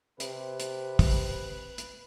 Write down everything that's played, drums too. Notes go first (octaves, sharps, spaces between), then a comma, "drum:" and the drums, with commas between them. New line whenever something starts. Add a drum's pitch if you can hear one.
C3 B4, drum: hi-hat
drum: hi-hat
drum: kick, open hi-hat
drum: hi-hat